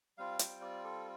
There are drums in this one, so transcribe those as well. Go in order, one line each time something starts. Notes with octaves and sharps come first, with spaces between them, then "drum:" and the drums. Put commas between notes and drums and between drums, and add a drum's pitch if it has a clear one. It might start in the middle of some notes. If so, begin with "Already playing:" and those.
G3 C4 F4 F5
G5, drum: hi-hat
D5
A4